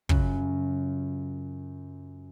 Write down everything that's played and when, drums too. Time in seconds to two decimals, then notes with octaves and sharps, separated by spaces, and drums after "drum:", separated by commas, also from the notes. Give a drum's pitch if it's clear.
0.09 F#2 C#3 C#4 F4 F#6, drum: kick